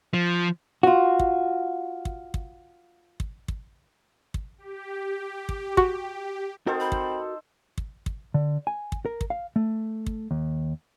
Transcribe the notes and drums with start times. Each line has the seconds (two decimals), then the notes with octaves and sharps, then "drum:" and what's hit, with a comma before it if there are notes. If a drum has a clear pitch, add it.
0.14 F3
0.83 F4 F#4
1.19 drum: kick
2.05 drum: kick
2.34 drum: kick
3.20 drum: kick
3.48 drum: kick
4.34 drum: kick
4.58 G4
5.49 drum: kick
5.77 F#4, drum: kick
6.67 C4 D#4 F#4 A4 A#4 C5
6.80 B5
6.92 drum: kick
7.78 drum: kick
8.06 drum: kick
8.34 D3
8.67 G#5
8.92 drum: kick
9.06 A#4
9.21 drum: kick
9.30 F5
9.56 A3
10.06 drum: kick
10.31 D#2